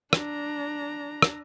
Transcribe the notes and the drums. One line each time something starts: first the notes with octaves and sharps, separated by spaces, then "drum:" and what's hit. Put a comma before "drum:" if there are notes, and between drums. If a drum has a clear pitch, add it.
D4 A#5, drum: rim click
drum: rim click